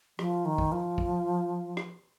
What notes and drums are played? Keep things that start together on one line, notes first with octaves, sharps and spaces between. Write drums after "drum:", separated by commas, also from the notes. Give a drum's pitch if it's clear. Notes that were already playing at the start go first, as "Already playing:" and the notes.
F3, drum: rim click
D#3
drum: kick
F3
drum: kick
drum: rim click